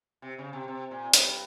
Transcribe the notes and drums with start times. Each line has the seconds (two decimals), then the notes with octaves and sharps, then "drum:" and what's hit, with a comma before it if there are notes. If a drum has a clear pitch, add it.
0.22 C3
0.38 C#3
0.53 C3
0.68 C3
0.91 A#2
1.13 G2, drum: hi-hat